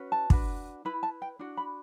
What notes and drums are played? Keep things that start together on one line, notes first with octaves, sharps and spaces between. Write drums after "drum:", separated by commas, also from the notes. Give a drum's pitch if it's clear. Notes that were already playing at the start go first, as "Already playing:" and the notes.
Already playing: C#4 F#4 B4
A5
D4 F#4 B4, drum: kick
E4 B4 B5
A5
G5
D4 F#4
B5